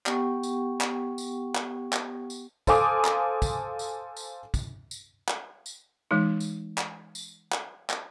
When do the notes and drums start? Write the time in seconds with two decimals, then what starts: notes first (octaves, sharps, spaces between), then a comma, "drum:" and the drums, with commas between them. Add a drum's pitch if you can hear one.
0.06 B3 G4 F#5 G5 C#6, drum: clap
0.43 drum: tambourine
0.81 drum: clap
1.18 drum: tambourine
1.55 drum: clap
1.93 drum: clap
2.30 drum: tambourine
2.67 A4 C5 F5 G#5 D6 D#6, drum: kick, tambourine
3.05 drum: clap
3.42 drum: kick, tambourine
3.79 drum: tambourine
4.17 drum: tambourine
4.54 drum: kick, tambourine
4.91 drum: tambourine
5.28 drum: clap
5.66 drum: tambourine
6.11 E3 G#3 D#4
6.40 drum: tambourine
6.78 drum: clap
7.15 drum: tambourine
7.52 drum: clap
7.90 drum: clap